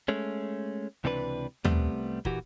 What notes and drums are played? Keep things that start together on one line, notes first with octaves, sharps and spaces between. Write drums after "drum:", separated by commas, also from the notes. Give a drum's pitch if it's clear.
G#3 A3 C#4
C#2 C3 E3 D4 G4 B4
C2 G3 A3 B3 C4, drum: tom
A#2 E3 F#4 G4, drum: kick